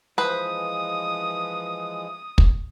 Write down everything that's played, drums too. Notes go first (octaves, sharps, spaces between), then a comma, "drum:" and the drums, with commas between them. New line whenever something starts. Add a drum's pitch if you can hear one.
E3 F3 G#3 B4 C5 D#6
drum: kick